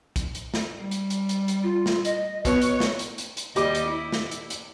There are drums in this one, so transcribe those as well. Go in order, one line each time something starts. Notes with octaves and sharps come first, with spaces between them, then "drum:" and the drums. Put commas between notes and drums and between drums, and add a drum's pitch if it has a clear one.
drum: kick, hi-hat
drum: hi-hat
drum: snare
G3
drum: hi-hat
drum: hi-hat
drum: hi-hat
drum: hi-hat
F4
drum: snare
D#5, drum: hi-hat
B2 B4 C#5, drum: kick, hi-hat
drum: hi-hat
drum: snare
drum: hi-hat
drum: hi-hat
drum: hi-hat
D#2 G3 G4 D#5 D6, drum: hi-hat
drum: hi-hat
E4
drum: snare
drum: hi-hat
drum: hi-hat